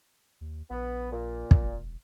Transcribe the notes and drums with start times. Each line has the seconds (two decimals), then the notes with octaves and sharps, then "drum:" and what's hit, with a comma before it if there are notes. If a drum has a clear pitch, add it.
0.41 D#2
0.70 A#1 B3
1.11 A#2
1.51 drum: kick
1.61 E1